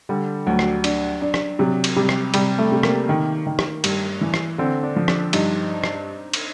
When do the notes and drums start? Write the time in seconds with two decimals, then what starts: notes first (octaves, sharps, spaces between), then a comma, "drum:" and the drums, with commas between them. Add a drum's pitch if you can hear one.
0.09 D3 G3
0.46 D2 F#3
0.59 drum: rim click
0.84 D4, drum: cymbal
1.22 D4
1.34 drum: rim click
1.59 C3 F#3
1.84 drum: cymbal
1.96 C3 G3
2.09 drum: rim click
2.34 C3 G3, drum: cymbal
2.59 A3
2.72 C3
2.83 A#3, drum: rim click
3.09 D#3
3.47 D#3
3.59 drum: rim click
3.84 G2, drum: cymbal
4.21 E3
4.34 drum: rim click
4.58 D3 C4
4.83 D4
4.96 F3
5.08 D4, drum: rim click
5.33 G2 D#4, drum: cymbal
5.84 drum: rim click
6.33 drum: cymbal